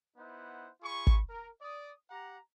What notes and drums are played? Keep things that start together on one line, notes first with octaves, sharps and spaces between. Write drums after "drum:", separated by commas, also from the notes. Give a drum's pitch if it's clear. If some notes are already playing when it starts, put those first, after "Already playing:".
B3 D#4 E4 C5 F#5
F4 G#4 B5 C#6
drum: kick
A#4
D5 D#6
G4 F#5 A#5